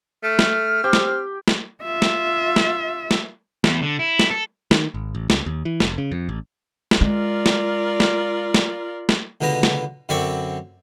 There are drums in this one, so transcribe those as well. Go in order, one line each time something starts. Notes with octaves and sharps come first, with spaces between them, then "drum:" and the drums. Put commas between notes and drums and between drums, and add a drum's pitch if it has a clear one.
A3 F6
drum: snare
C4 G4
drum: snare
drum: snare
F4 E5
drum: snare
drum: snare
drum: snare
E2, drum: snare
D3
E4
drum: snare
A4
D#3, drum: snare
G#1
A1
C#2, drum: snare
D#2
E3
F1, drum: snare
C#3
F2
A1
drum: snare
G#3 F4 A#4 D5
drum: snare
drum: snare
drum: snare
drum: snare
C#2 B2 D3 B3 A#5
drum: snare
F#2 D3 C4 D5 B5 C#6